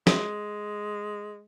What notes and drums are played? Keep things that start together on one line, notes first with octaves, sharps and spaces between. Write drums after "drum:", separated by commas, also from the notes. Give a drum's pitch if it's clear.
G#3, drum: snare